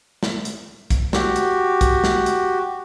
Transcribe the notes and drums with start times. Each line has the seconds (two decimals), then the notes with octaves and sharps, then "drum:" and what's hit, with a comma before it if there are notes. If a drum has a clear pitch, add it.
0.23 drum: snare
0.45 drum: hi-hat
0.90 drum: kick, hi-hat
1.13 F#4 G4, drum: snare
1.36 drum: hi-hat
1.81 drum: kick, hi-hat
2.04 drum: snare
2.26 drum: hi-hat